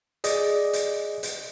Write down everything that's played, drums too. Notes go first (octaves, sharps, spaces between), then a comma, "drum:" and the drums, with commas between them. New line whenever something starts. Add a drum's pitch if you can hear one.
G#4 D5 D#5, drum: hi-hat
drum: hi-hat
drum: hi-hat